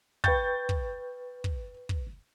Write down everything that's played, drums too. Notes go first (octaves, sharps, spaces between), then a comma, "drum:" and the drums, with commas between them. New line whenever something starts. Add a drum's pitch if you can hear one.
B4 G5 C#6 G6 A6, drum: kick
drum: kick
drum: kick
drum: kick